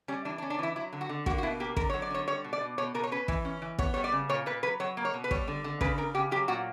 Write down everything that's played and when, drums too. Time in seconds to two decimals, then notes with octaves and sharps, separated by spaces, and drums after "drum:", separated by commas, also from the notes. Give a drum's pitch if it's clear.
0.08 G3 C#4
0.25 E3 D4
0.38 D4
0.42 C#4
0.50 D4
0.59 E3 E4
0.76 F#3 E4
0.93 D3
1.01 F#4
1.09 D3
1.26 A#3 F#4, drum: kick
1.38 F#4
1.43 B2 E4
1.60 A#3 G4
1.76 D3 A#4, drum: kick
1.90 C#5
1.93 F#3
2.02 D5
2.10 D3 C#5
2.27 G3 C#5
2.44 B2
2.53 D5
2.61 B2
2.78 B2 C#5
2.94 B2 A#4
3.03 C#5
3.11 C#4 B4
3.28 E3, drum: kick
3.45 C#4
3.62 E3
3.79 B3 C#5, drum: kick
3.94 G3 C#5
4.04 D5
4.12 C#3
4.29 A#2 C#5
4.46 A#2 B4
4.63 F#3 B4
4.80 F#3 C#5
4.97 A#3
5.05 C#5
5.14 B2
5.24 B4
5.31 G3 C#5, drum: kick
5.48 D3
5.64 D3
5.81 C#3 B4, drum: kick
5.98 C#3 A#4
6.15 C#3 G4
6.31 F#3 G4
6.48 A#2 F#4